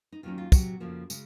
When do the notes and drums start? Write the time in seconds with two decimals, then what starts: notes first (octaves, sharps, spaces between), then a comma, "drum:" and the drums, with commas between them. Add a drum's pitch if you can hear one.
0.12 D#4
0.23 D#2 D#3 F#3 C#4 F4
0.38 F4
0.52 C3 F#3 C4 F#4, drum: kick, tambourine
0.80 F2 C#3 F3 A#3
1.10 C#3 G#3, drum: tambourine